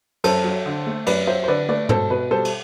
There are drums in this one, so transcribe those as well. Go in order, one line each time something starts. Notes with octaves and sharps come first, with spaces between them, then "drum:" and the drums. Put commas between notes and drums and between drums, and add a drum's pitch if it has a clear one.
F#2 A4 C5, drum: cymbal
F#3
D3
A3
F#2 B4 D5, drum: cymbal
F#3 C5 E5
C5
D3 B4 D5
A3 B4 D5
B2 A4 C5, drum: tom
B2 B4
G3 A4 C5
drum: cymbal